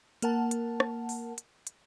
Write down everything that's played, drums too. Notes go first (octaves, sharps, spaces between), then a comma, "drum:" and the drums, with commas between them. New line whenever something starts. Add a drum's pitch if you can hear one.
A#3 A#4 F#5 A5, drum: hi-hat
drum: hi-hat
drum: rim click
drum: open hi-hat
drum: hi-hat
drum: hi-hat